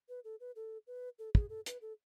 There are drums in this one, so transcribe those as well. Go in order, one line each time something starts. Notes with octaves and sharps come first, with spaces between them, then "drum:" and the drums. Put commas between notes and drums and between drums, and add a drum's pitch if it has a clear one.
B4
A4
B4
A4
B4
A4
G#4, drum: kick
A4
B4, drum: hi-hat
A4